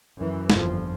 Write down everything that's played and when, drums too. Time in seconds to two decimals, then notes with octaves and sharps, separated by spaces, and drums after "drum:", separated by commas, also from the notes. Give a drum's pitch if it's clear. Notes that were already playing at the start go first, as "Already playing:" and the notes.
0.16 F#2 E3
0.50 G1 F2 F3, drum: snare